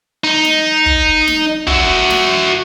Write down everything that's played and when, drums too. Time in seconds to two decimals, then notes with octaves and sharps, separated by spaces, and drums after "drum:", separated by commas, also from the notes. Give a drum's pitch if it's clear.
0.24 D#4
0.45 drum: snare
0.86 drum: kick
1.27 drum: snare
1.67 F#4 E5, drum: kick
2.10 drum: snare